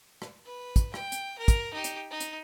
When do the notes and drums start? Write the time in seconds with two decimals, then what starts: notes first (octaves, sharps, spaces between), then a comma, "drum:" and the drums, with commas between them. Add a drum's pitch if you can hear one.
0.22 drum: rim click
0.46 B4
0.76 drum: kick, hi-hat
0.94 G5, drum: rim click
1.12 drum: hi-hat
1.39 A#4 F6
1.48 drum: kick, hi-hat
1.74 D#4 G4
1.84 drum: hi-hat
2.11 D#4
2.20 drum: hi-hat